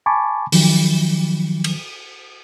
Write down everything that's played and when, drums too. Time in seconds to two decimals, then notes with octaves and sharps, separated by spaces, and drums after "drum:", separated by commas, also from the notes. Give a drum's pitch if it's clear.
0.06 G#5 A5 B5 C#6 D6
0.52 D#3 F3 F#3, drum: open hi-hat
1.64 drum: cymbal